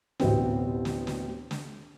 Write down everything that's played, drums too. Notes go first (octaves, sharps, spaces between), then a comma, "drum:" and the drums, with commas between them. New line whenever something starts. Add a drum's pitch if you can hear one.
A1 D2 B2 B3 C4, drum: snare
drum: snare
drum: snare
drum: snare